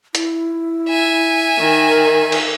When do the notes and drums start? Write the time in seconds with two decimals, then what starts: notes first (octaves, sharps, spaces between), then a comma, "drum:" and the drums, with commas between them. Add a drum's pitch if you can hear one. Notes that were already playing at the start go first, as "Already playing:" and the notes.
0.15 E4, drum: hi-hat
0.89 E5 G#5
1.59 D#3 A#4
2.32 drum: cymbal